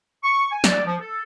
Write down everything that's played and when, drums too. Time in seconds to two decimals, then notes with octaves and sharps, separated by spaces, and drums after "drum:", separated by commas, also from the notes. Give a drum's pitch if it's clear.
0.23 C#6
0.51 G#5
0.64 D5, drum: snare
0.85 F3
1.00 A4